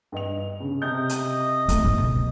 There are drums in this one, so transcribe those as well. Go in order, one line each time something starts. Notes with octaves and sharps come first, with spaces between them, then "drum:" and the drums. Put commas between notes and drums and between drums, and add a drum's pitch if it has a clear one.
G2 D#5 F7
C#3
C3 D#5 G6
drum: hi-hat
A3, drum: hi-hat
B2
drum: kick